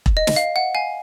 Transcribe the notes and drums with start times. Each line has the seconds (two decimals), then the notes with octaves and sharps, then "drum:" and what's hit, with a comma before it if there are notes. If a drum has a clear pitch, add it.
0.06 drum: kick E1
0.17 D#5
0.27 drum: snare
0.36 F5
0.56 F#5
0.75 F5 G#5